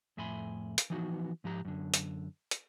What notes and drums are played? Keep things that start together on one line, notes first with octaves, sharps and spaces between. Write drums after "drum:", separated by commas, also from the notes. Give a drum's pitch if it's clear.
F2 A2 E5 G#5 B5 C6
drum: hi-hat
E3 F3 B3 D#4 F#4
G#2 F3 G4 A#5
F#2 D3
drum: hi-hat
drum: hi-hat